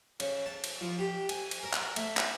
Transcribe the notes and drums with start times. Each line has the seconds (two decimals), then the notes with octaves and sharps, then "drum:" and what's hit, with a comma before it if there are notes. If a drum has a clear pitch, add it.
0.20 C#3, drum: cymbal
0.46 A5
0.64 drum: cymbal
0.81 F3
0.99 G4
1.29 G#5, drum: cymbal
1.51 drum: cymbal
1.63 A#4
1.73 drum: clap
1.96 A3, drum: cymbal
2.17 drum: clap